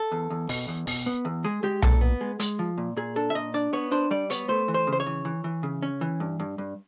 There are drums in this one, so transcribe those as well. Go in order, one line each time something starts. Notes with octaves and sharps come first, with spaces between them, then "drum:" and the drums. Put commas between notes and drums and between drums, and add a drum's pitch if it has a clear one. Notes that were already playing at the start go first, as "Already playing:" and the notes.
Already playing: A4
E2
E2
B2, drum: open hi-hat
E2
B2, drum: open hi-hat
B3
E2
G#3 G#4
G#3 G4
A#2 A4, drum: tom B1
B3
G#3
G#3, drum: hi-hat
F3
A#2
A#2 G#4
D4 A4
E5
A#2 D#5
D4 D5
B3 C#5
D4 C5
G3 D5
B3 C#5, drum: hi-hat
A3 C5
E3
C5
C#3
C5
C#5
E3
E3
E3
C#3
C#4
E3
G2
G2
G2